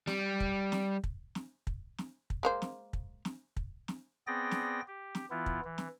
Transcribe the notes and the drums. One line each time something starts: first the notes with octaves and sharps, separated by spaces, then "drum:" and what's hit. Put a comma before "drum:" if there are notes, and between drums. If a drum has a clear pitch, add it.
G3, drum: snare
drum: kick
drum: snare
drum: kick
drum: snare
drum: kick
drum: snare
drum: kick
G#3 A#3 C5
drum: snare
drum: kick
drum: snare
drum: kick
drum: snare
B3 C4 G#4 D5 G5 A#6
drum: snare
G4
drum: snare
E3 B3 E4 F4
drum: kick
E3
drum: snare